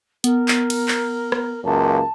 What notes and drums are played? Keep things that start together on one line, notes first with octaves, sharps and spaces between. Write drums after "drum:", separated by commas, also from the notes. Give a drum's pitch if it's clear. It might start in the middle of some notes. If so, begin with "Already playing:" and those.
B3 A#4, drum: hi-hat
drum: clap
drum: cymbal
drum: clap
drum: rim click
C#2 F#2 A#3 A5